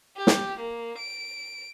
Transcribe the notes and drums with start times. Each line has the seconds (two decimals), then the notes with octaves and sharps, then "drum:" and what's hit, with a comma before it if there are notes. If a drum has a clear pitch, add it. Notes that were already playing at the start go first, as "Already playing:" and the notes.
0.17 G4
0.27 drum: snare
0.59 A#3
0.98 D7